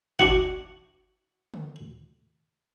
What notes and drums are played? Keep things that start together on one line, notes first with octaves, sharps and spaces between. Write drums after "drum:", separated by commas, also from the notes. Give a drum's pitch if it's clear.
D4 F#4 F#5, drum: kick
drum: tom D3